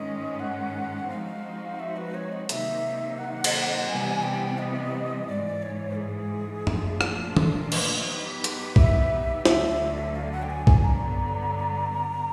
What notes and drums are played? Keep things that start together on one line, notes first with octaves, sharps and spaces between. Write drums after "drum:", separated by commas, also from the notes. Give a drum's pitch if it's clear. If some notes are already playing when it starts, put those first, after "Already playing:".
Already playing: G#2 D#3 G#3 C#4 D#5
F#5
F3 G#3 C4 D#4 F#4 F5
E5
B4
C#5
D#5
C3 D#3 F#3 A#3 D#4 E5, drum: hi-hat
F#5
drum: cymbal
C3 E3 G3 B3 G#5
G5
D#5
G#2 E3 G#3 D5
C#5
G#4
A#2 F3 A3 D4 F4, drum: tom F#2
drum: rim click
A4, drum: tom
A#4
B4, drum: cymbal
F#3 B3 D#4 G4 B4
drum: hi-hat
E5, drum: kick B1
D2 D3 F#3 E5, drum: snare
F5
F#5
G5
G#5
G#5, drum: kick B1
G2 D3 F#3 B3 A#5